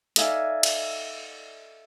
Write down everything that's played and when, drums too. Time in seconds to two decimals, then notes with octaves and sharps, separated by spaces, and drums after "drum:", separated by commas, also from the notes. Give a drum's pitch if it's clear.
0.16 D#4 A4 D5 E5 F5 G#5, drum: hi-hat
0.63 drum: cymbal